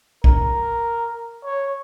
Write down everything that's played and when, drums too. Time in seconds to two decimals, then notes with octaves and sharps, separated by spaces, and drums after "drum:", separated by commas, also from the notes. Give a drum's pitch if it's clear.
0.24 A#4, drum: kick B1
1.45 C#5